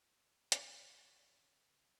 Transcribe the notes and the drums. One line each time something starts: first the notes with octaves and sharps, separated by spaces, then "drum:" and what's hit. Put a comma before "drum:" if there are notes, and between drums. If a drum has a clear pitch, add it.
C#3, drum: hi-hat
C#5